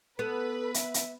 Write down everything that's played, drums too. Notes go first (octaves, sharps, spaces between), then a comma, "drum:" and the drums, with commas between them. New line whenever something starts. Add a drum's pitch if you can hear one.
B3 A4 B4
E5, drum: hi-hat
drum: hi-hat